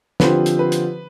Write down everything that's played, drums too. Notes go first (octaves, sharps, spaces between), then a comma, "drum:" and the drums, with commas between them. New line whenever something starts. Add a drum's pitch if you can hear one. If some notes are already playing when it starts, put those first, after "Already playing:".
D3 F3 C4 G4 B4 C5, drum: snare
drum: hi-hat
B4
drum: hi-hat